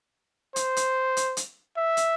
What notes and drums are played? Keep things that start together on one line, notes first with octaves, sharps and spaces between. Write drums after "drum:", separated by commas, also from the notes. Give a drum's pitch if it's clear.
C5, drum: hi-hat
drum: hi-hat
drum: hi-hat
drum: hi-hat
E5
drum: hi-hat